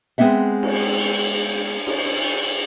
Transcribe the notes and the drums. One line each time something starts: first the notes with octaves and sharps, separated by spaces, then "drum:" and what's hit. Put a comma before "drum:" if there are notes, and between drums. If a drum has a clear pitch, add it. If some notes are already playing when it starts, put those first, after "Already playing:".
G#3 B3 C4 E5 F#5
drum: cymbal
drum: cymbal